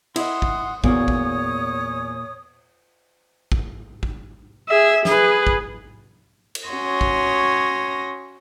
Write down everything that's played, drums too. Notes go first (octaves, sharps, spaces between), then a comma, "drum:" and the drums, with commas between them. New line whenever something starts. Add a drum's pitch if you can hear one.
E4 D#5 F#5 C6 D#6, drum: cymbal
drum: kick A1
E2 A#2 A#3 F#4 C#5 D#6, drum: kick A1
drum: kick A1
drum: kick A1
drum: kick A1
G#4 E5
G#4 B4, drum: snare
drum: kick A1
drum: cymbal
C#4 F#4 C#5 C6 D#6 A#6
drum: kick A1